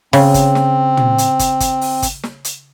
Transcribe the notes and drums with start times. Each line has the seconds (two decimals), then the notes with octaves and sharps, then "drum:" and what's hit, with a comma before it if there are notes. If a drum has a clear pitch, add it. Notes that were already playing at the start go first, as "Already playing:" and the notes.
0.13 C#3 C4, drum: open hi-hat
0.34 drum: kick, hi-hat
0.55 drum: snare
0.97 drum: tom
1.18 drum: hi-hat
1.39 drum: kick, hi-hat
1.60 drum: kick, hi-hat
1.81 drum: open hi-hat
2.02 drum: kick, hi-hat
2.23 drum: snare
2.45 drum: hi-hat